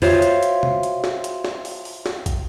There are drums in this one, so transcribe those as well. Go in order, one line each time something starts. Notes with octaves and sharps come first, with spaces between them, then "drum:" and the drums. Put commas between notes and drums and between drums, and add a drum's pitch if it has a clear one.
F4 F#4 C5 C#5 E5 F5, drum: open hi-hat
drum: hi-hat
drum: hi-hat
drum: tom C3
drum: hi-hat
drum: snare
drum: hi-hat
drum: snare
drum: open hi-hat
drum: open hi-hat
drum: snare
drum: kick, hi-hat